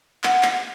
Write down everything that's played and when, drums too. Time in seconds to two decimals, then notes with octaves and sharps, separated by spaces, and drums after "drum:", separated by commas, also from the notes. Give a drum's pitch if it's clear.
0.24 F#5, drum: clap
0.43 drum: clap